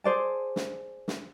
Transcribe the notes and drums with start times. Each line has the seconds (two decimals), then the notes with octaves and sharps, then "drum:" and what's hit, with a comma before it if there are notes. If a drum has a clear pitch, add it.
0.04 G#4 C5 D5 A5
0.56 drum: snare
1.08 drum: snare